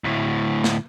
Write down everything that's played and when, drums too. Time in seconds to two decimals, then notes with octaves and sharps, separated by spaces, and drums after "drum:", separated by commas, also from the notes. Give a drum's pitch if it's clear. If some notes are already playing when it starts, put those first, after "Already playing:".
0.04 D2 A2
0.64 drum: snare